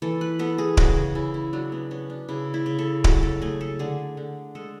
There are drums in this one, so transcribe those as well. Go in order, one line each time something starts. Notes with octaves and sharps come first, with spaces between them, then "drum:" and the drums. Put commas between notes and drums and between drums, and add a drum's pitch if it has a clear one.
E3 A4
B4
B3 A4
G#4
C#3 F#4, drum: kick D1
G#4
C#3 E4
E4
F#3 D4
B3
B3 C#4
D4
C#3 E4
E4
C#3
A4
F#3 A4, drum: kick D1
A4
A3 G#4
A4
D3 G#4
D3
G#3 A4